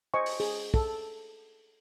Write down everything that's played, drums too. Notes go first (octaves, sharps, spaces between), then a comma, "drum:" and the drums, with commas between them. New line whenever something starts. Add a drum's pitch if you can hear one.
C5 D#5 G#5 C#6
drum: open hi-hat
G#4, drum: open hi-hat
A4, drum: kick